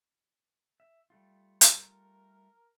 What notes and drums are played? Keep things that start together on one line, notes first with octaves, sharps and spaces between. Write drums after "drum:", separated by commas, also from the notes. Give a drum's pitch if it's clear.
E5
G3 A3 F4
A#4, drum: hi-hat